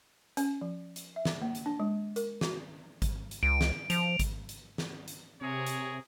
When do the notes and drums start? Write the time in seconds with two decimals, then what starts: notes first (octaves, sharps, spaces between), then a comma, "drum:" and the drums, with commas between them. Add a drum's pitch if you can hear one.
0.37 C#4, drum: hi-hat
0.61 F3
0.96 drum: hi-hat
1.16 E5
1.25 drum: snare
1.42 A#3
1.55 drum: hi-hat
1.66 D4
1.80 G#3
2.16 A#4, drum: hi-hat
2.41 F#4, drum: snare
3.02 drum: kick G#1, hi-hat
3.31 drum: hi-hat
3.43 C#2 D7
3.61 drum: snare
3.90 F3 F7, drum: hi-hat
4.19 drum: kick G#1, hi-hat
4.49 drum: hi-hat
4.78 drum: snare
5.08 drum: hi-hat
5.41 C3 G#4 A#4 C#5
5.67 drum: hi-hat